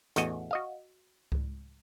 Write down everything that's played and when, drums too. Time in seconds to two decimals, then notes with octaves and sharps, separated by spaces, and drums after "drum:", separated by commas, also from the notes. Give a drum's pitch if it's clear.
0.16 A1 E2 F#4 D#5, drum: hi-hat
0.51 F#4 D#5 F5
1.32 drum: kick C#2